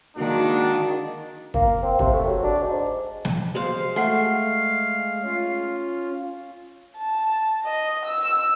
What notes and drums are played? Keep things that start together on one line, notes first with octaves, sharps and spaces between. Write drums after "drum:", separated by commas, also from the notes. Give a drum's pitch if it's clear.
D#3 G#3 A#3 D4 F#4
A#3, drum: kick
C4
C3, drum: kick
A3
F#3
D4
G#2
drum: snare
G#3 C5 F5
G#3 A3 F5 F#5 G#5
C#4 F4
A5
D#5
E6